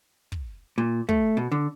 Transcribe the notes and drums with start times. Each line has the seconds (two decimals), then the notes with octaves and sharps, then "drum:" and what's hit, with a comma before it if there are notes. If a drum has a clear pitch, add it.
0.32 drum: kick
0.78 A#2
1.09 A3, drum: kick
1.37 B2
1.52 D3